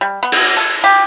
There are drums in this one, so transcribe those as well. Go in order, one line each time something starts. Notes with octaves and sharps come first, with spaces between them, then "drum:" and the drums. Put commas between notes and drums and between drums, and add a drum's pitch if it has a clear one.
G3
B3
drum: cymbal
A4
G4